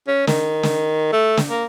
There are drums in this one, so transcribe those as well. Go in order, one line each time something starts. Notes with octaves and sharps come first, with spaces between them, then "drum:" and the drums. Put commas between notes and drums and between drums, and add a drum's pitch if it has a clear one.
C#4
D#3, drum: snare
drum: snare
A3
drum: snare
A#3